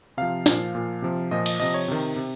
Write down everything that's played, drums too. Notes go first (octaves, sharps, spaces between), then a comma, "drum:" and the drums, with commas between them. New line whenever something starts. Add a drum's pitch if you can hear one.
C3 F3 F5
A#2 F3, drum: snare
A#2 F3
C3 F3
A#2 F3 D#5
D#5, drum: cymbal
C3 F3 D#5
C#5
C3 D#3
C3